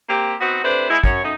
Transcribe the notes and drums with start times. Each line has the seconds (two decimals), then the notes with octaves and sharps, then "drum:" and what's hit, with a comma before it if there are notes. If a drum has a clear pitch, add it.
0.09 A#3 C4 G4
0.41 B3 C4 D#4 F#4
0.64 C3 A3 D4 B4 C5
0.89 G#3 B3 D#4 E4
1.04 F#2 C#5, drum: kick
1.24 F#2 A3 D#4